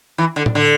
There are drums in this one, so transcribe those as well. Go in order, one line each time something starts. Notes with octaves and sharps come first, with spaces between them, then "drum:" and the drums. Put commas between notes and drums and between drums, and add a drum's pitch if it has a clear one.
E3
D3
drum: tom A2
D3